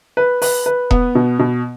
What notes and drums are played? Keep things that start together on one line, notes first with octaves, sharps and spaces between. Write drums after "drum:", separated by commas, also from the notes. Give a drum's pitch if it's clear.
B4
B4, drum: open hi-hat
B4
B3, drum: kick E1
B2
B2